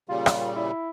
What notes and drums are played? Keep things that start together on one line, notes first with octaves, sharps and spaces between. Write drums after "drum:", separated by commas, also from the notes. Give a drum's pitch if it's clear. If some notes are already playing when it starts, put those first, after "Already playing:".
A#2 C#3 G3 F4
drum: rim click
E4